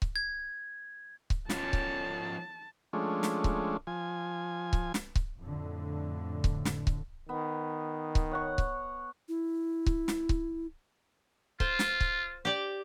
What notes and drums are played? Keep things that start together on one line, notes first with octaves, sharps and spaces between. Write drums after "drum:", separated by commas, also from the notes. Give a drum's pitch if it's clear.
drum: kick C#1
G#6
drum: kick C#1
F3 C#4 A5, drum: snare
drum: kick C#1
F3 G#3 A3 C#4 D4
drum: snare
drum: kick C#1
F3 G#5
drum: kick C#1
drum: snare
drum: kick C#1
F2 A2 D3
drum: kick C#1
drum: snare
drum: kick C#1
D#3 B3
drum: kick C#1
C#5 F#5 C#6
drum: kick C#1
E4
drum: kick C#1
drum: snare
drum: kick C#1
F4 C5, drum: kick C#1
drum: snare
drum: kick C#1
G4 D5 G5